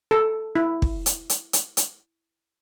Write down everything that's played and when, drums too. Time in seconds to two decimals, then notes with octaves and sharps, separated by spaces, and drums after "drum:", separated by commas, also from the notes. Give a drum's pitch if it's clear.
0.11 A4
0.55 E4
0.82 drum: kick
1.06 drum: hi-hat
1.30 drum: hi-hat
1.53 drum: hi-hat
1.77 drum: hi-hat